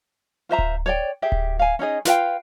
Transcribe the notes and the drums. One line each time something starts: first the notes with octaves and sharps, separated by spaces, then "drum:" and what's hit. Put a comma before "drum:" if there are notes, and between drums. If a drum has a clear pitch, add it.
F4 C5 E5 A#5
drum: kick D1
C#5 D5 G5
G4 G#4 E5
drum: kick D1
F5 G#5
C#4 D#4 G#4 D#5
F4 B4 F5 G5, drum: snare